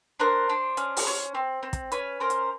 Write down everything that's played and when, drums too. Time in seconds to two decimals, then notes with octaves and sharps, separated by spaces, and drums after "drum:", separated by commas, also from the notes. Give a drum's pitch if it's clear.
0.20 D4 A#4 C5
0.49 D4
0.77 C#4, drum: hi-hat
0.97 drum: open hi-hat
1.07 C#4
1.35 C4
1.63 C4
1.73 drum: kick, hi-hat
1.92 C#4 B4 C#5, drum: hi-hat
2.20 C#4 A#4 C5
2.30 drum: hi-hat